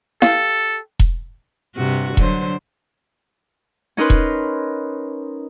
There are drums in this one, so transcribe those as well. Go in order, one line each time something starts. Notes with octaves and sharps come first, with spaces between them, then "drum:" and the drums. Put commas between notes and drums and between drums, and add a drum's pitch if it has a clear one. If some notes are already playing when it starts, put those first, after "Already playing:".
G4 A4 F5, drum: snare E4
drum: kick E1
G2 C3 F#4
D3 F#3 C5, drum: kick E1
C#4 D#4 A#4 B4 C6
drum: kick E1